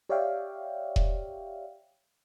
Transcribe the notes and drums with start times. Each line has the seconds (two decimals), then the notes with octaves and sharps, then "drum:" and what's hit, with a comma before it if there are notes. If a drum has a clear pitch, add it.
0.09 G4 C#5 D5 E5 F5 G5
0.96 drum: kick E1